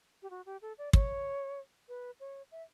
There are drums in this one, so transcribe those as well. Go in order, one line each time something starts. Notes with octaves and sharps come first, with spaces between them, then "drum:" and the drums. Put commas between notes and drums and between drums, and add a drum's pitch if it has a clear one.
G4
F#4
G4
A4
D5
C#5, drum: kick
B4
C#5
E5